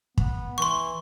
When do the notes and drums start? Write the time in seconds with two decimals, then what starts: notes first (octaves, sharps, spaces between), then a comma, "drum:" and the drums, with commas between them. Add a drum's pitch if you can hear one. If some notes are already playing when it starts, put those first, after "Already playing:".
0.18 B3, drum: kick
0.58 E3 C6 C#6